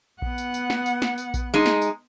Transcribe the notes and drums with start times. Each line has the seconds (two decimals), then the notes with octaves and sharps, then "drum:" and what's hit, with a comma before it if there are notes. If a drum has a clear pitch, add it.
0.22 B3 F#5, drum: kick A#1
0.38 drum: tambourine
0.54 drum: tambourine
0.70 drum: snare
0.86 drum: tambourine
1.02 drum: snare
1.18 drum: tambourine
1.34 drum: kick A#1, tambourine
1.54 G#3 D#4
1.66 drum: snare
1.82 drum: tambourine